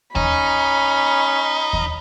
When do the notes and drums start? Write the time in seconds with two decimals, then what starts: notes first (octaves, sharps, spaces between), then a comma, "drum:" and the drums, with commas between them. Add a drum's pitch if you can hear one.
0.16 C#4 D#4 B5, drum: kick D#2
1.73 drum: kick D#2